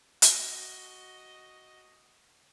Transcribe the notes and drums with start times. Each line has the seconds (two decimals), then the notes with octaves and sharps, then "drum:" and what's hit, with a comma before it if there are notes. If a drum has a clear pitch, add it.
0.22 F#4 D#5, drum: hi-hat